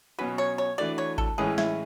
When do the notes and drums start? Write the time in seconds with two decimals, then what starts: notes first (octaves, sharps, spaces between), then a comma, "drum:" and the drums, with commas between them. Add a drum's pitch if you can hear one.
0.18 B2 F#3 C#4 F#4 B4
0.38 C#5
0.58 C#5
0.78 E3 A3 D4 F#4 D5
0.98 C#5
1.18 A4, drum: kick G#1
1.38 A2 E3 G#3 C#4 G#4
1.58 E4, drum: snare